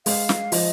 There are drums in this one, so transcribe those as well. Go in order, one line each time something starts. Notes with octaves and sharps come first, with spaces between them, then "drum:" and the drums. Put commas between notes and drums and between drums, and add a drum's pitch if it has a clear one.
G#3 F5, drum: open hi-hat
drum: snare
F3 D#5, drum: open hi-hat